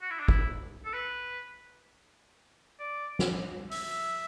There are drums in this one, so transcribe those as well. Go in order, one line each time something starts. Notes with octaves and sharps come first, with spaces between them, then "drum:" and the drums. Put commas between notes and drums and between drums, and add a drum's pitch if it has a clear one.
F#4
E4
D4
E4, drum: kick
A4
B4
D5
drum: snare
E5, drum: open hi-hat